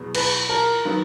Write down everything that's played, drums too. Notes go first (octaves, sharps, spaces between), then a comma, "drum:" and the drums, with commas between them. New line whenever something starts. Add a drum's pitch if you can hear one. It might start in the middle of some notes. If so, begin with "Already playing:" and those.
Already playing: E2 B2 F#3 B3
B4, drum: cymbal
A#4
D#3 F#3 B3